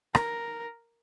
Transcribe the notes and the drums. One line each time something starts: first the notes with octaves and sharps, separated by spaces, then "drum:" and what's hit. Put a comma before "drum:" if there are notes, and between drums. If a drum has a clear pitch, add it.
A#4, drum: rim click